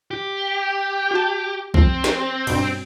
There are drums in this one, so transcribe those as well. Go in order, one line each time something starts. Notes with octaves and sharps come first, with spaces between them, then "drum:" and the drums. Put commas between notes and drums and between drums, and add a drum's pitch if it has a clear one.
G4
F#4 A5
F3 C4, drum: kick B1
drum: snare
G2 B2, drum: cymbal